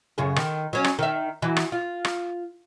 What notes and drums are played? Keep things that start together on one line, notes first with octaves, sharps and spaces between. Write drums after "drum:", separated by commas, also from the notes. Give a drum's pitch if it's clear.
F#2 C#3 G#4
D#3, drum: rim click
F#3 C#4
drum: rim click
D#3 E5
E3 F#3
drum: rim click
F4
drum: rim click